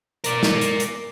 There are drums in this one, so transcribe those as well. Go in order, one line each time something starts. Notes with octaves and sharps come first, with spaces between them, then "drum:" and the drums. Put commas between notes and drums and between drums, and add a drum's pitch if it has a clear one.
A#4 D5, drum: hi-hat
drum: snare
drum: hi-hat
drum: hi-hat